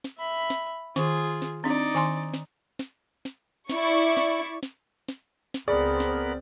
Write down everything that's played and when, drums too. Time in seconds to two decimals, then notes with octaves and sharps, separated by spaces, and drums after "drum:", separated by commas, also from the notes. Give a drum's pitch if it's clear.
0.04 drum: snare
0.18 E5 B5
0.50 drum: snare
0.96 D#3 F4 G#4, drum: snare
1.42 drum: snare
1.64 C4 D4 D#4 D5
1.94 D#3 G#5 C6
2.34 drum: snare
2.79 drum: snare
3.25 drum: snare
3.70 E4 D5 C#6, drum: snare
4.17 drum: snare
4.63 drum: snare
5.09 drum: snare
5.54 drum: snare
5.68 C#2 B3 C4 G#4 A#4 D5 B5
6.00 drum: snare